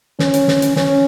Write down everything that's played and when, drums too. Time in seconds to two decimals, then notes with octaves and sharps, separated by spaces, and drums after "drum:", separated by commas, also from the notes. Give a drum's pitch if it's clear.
0.19 C#4, drum: snare
0.34 drum: hi-hat
0.48 drum: snare
0.62 drum: hi-hat
0.76 C#4, drum: snare